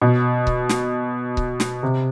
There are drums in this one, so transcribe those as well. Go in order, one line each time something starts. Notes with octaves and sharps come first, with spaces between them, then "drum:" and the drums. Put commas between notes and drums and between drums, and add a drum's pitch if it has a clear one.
B2
drum: kick C#1
drum: snare
drum: kick C#1
drum: snare
C3